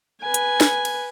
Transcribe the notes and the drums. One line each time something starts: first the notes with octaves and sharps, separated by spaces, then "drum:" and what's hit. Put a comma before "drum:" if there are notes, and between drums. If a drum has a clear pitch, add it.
B4 G#5
drum: hi-hat
drum: snare
drum: cymbal